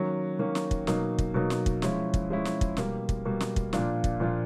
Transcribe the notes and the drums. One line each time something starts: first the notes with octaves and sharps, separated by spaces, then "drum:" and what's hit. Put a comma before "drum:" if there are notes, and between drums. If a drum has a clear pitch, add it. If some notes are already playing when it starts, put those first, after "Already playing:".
Already playing: D#3 F#3 A#3 C#4
D#3 F#3 A#3 C#4
drum: snare
drum: kick
B2 F#3 A#3 D#4, drum: snare
drum: kick
B2 F#3 A#3 D#4
drum: snare
drum: kick
F3 G#3 C#4 E4, drum: snare
drum: kick
F3 G#3 C#4 E4
drum: snare
drum: kick
B2 G3 A#3, drum: snare
drum: kick
B2 G3 A#3
drum: snare
drum: kick
A#2 F3 A#3 D4 F4, drum: snare
drum: kick
A#2 F3 A#3 D4 F4